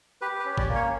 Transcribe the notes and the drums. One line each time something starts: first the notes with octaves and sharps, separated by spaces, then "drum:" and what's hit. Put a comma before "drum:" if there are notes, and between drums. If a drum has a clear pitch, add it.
G4 B4
B4
C#4
D5, drum: kick G1
A#3
C#5